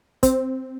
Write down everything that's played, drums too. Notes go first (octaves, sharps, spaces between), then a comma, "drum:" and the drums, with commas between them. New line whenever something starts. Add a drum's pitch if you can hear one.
C4, drum: kick, hi-hat